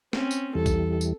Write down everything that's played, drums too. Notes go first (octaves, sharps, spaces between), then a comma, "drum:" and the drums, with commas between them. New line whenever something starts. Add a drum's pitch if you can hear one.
C4 C#4, drum: snare
drum: tambourine
E2 E3 G3 A4
drum: kick, tambourine
drum: tambourine